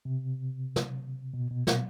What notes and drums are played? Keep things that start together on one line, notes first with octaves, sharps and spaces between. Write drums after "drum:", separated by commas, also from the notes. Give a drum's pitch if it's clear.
C3
drum: snare
B2
B2
B2, drum: snare